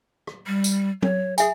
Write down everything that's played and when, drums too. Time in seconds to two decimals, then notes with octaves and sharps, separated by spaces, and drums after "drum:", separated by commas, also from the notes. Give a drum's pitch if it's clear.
0.27 drum: rim click
0.47 G3
0.64 drum: tambourine
1.02 C#5, drum: tom
1.38 G#4 E5 G#5, drum: tambourine